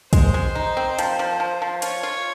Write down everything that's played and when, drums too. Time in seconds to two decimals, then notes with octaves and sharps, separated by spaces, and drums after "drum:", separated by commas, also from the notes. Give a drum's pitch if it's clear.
0.13 G#3 C5, drum: kick, hi-hat
0.34 G#3
0.55 D#4
0.77 C4
0.99 F3, drum: hi-hat
1.19 F3
1.40 F3
1.62 F3
1.82 F4 C#5, drum: hi-hat
2.03 F4